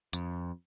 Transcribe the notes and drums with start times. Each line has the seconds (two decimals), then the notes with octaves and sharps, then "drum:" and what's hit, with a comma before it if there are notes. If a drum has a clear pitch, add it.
0.13 F2, drum: hi-hat